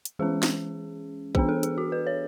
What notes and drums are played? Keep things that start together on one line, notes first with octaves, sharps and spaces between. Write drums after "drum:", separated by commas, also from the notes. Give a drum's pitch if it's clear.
drum: hi-hat
E3 G#3 C#4 G#4
drum: snare
E3 B3 D4 G#4, drum: kick
A4
G#4, drum: hi-hat
F#4
B4
C#5